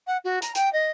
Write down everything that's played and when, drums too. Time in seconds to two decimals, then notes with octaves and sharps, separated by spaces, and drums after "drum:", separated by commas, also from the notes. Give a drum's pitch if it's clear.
0.07 F#5
0.24 F#4
0.42 A#5, drum: hi-hat
0.55 G5, drum: hi-hat
0.73 D#5